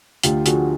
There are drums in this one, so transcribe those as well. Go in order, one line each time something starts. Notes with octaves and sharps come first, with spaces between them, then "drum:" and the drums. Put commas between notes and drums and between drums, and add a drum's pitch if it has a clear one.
D2 F4 G4, drum: hi-hat
D3 F3 F#4 G#4, drum: hi-hat